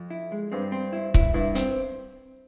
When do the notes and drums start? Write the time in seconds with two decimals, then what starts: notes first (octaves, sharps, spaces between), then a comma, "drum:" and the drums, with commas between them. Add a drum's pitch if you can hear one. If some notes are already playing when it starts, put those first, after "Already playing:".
Already playing: F2
0.10 E4
0.32 G#3
0.52 G2 C4
0.72 C4
0.93 E4
1.14 E4, drum: kick C#1
1.34 G2 E4
1.55 C4, drum: hi-hat